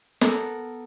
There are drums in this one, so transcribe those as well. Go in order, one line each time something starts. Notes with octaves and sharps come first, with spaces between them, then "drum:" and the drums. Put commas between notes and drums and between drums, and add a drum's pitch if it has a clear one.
B3 A4 A#4, drum: snare